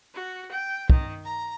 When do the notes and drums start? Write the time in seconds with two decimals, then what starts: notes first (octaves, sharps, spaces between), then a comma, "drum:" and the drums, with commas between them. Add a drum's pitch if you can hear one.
0.14 F#4
0.51 G5
0.90 D#3, drum: kick
1.23 A#5